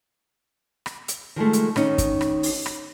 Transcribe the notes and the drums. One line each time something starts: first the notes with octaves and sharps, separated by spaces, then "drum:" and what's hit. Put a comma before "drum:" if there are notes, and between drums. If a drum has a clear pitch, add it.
drum: rim click
drum: hi-hat
D#3 F3 G#3 A3
drum: hi-hat
D#3 C#4 D#4, drum: rim click
drum: kick, hi-hat
drum: rim click
drum: open hi-hat
drum: rim click